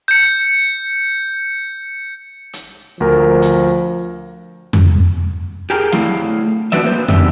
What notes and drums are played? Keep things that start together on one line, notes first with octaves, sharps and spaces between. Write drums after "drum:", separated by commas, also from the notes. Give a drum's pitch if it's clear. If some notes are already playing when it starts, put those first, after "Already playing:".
G6 C#7
drum: hi-hat
D2 F3 A#4
drum: hi-hat
drum: tom F2
G4 G#4 A#4 G5
D3 A3 E4 F5, drum: snare
F3 D4 F#4 B4 D5 E5, drum: snare
A#3 B4 C5
F#2 D#3 C4 D4 G4 E5, drum: tom F2